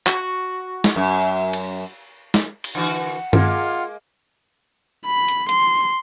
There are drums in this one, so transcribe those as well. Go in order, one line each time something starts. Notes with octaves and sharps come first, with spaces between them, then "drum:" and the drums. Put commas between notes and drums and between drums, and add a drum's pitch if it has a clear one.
F#4, drum: clap
drum: snare
F#2
drum: cymbal
drum: snare
drum: cymbal
D3 E3 F#4 F#5
G#3 A#3 F4, drum: tom G2
B5
drum: hi-hat
C6, drum: hi-hat